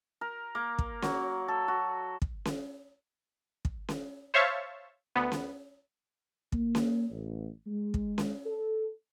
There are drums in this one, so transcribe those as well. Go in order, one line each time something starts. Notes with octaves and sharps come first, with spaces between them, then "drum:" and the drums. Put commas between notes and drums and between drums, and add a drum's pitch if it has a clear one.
A#4
A#3
drum: kick
F#3, drum: snare C#4
A4
F#4
drum: kick
drum: snare C#4
drum: kick
drum: snare C#4
C5 C#5 E5 F5 A5 C#6
D2 B3
drum: snare C#4
A#3, drum: kick
drum: snare C#4
A1
G#3
drum: kick
drum: snare C#4
A4